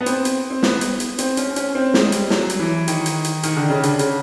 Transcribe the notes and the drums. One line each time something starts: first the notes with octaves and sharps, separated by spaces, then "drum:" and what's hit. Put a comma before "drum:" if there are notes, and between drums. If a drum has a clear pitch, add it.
B3
C4, drum: hi-hat
drum: hi-hat
C4
B3, drum: snare
drum: hi-hat
drum: hi-hat
C4, drum: hi-hat
C#4, drum: hi-hat
C#4, drum: hi-hat
C4
G#3, drum: snare
G3, drum: hi-hat
F#3, drum: snare
drum: hi-hat
E3
D#3, drum: hi-hat
drum: hi-hat
drum: hi-hat
D#3, drum: hi-hat
D3
C#3
D3, drum: hi-hat
C#3, drum: hi-hat